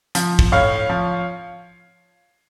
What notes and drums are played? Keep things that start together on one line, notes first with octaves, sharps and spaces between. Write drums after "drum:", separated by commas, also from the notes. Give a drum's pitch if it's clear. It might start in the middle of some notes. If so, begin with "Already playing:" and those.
F3, drum: hi-hat
drum: kick
A2 C#5 F5
F3